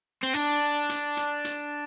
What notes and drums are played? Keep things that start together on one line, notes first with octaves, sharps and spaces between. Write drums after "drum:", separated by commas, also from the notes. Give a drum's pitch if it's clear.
C4
D4
drum: hi-hat
drum: hi-hat
drum: hi-hat